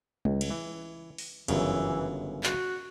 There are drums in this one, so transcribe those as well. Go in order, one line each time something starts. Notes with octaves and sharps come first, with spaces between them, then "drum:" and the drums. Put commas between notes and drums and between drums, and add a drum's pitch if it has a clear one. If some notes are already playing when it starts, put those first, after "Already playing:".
C#2, drum: tom G3
drum: cymbal
E3
drum: open hi-hat
G1 F#2 C#3 E3, drum: cymbal
F#4, drum: clap